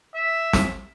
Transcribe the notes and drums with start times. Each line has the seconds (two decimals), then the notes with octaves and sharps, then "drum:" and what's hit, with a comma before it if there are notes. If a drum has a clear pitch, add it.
0.15 E5
0.53 drum: snare